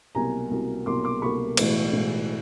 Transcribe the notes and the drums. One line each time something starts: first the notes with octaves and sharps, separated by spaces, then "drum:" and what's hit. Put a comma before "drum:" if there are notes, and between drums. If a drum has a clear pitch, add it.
C2 B2 F#3 A#3 G#5 A#5
C2 B2 F#3 A#3
C2 B2 F#3 A#3 C6 D6
C6 D6
C2 B2 F#3 A#3 B5 C#6
B1 A2 E3 G#3, drum: cymbal
B1 A2 E3 G#3